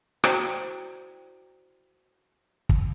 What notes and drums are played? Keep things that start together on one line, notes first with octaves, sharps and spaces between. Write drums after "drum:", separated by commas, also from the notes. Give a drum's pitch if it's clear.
E4 F#4 C5 D5 G5 A#5, drum: rim click
drum: kick